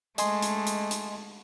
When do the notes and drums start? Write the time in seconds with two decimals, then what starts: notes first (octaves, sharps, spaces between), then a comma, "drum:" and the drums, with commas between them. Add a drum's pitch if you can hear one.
0.18 G#3 A3 D#5 G#5 C6, drum: hi-hat
0.42 drum: hi-hat
0.67 drum: hi-hat
0.91 drum: hi-hat